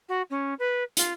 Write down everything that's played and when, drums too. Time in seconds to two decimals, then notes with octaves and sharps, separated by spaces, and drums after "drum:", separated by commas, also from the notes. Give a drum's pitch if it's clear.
0.08 F#4
0.30 C#4
0.59 B4
0.97 F4, drum: hi-hat